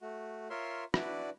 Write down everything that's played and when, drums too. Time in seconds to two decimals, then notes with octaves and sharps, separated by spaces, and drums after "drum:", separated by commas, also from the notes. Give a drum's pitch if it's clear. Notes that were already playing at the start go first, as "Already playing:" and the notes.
0.01 A3 F#4
0.50 F4 A#4 C#5 E5 C6
0.94 D4 E4 F#4 B4 D5, drum: rim click